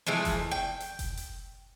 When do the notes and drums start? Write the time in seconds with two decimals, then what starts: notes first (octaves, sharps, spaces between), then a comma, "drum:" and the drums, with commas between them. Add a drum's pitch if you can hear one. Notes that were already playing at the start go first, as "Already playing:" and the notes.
0.07 E3 F3 G#3 A3
0.25 drum: kick F1, hi-hat
0.51 G5
0.80 drum: hi-hat
0.99 drum: kick F1, hi-hat
1.17 drum: hi-hat